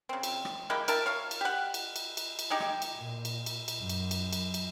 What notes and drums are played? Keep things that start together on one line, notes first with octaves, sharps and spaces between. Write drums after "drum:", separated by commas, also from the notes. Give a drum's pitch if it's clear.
C#3 C4
drum: cymbal
drum: rim click
G#3 A#3 E4 G4
A#4 E5 A5, drum: cymbal
C#5 F5
drum: cymbal
G4 F#5
drum: cymbal
drum: cymbal
drum: cymbal
drum: cymbal
D#4 G4 G#4
drum: rim click
drum: cymbal
A#2
drum: cymbal
drum: cymbal
drum: cymbal
F#2
drum: cymbal
drum: cymbal
drum: cymbal
drum: cymbal